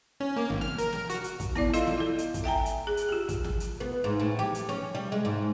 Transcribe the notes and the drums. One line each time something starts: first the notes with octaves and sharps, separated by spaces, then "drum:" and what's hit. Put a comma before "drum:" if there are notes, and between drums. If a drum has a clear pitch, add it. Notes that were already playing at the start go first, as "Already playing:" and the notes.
C#4
A#3
G#1
F6, drum: snare
A#4, drum: hi-hat
drum: snare
F#4, drum: hi-hat
drum: hi-hat
drum: kick, hi-hat
B3 E4 D5, drum: snare
F4 A4 D#5 F5 C6, drum: hi-hat
drum: snare
E4 A4
drum: hi-hat
drum: kick, hi-hat
E5 G5 G#5 A#5
drum: hi-hat
G#4
drum: hi-hat
F4 G4
drum: kick, hi-hat
drum: snare
drum: hi-hat
B3
G#2
A2
G4, drum: snare
drum: hi-hat
C#4, drum: snare
G3
G#3
G#2